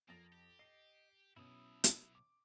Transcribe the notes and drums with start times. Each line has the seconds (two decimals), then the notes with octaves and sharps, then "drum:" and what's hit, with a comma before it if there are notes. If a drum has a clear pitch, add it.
0.08 F2 A#3 A6 A#6
0.32 G4
0.59 D#5 C7
1.36 B1 B2 C#4 E4 D#6
1.84 drum: hi-hat
2.15 D6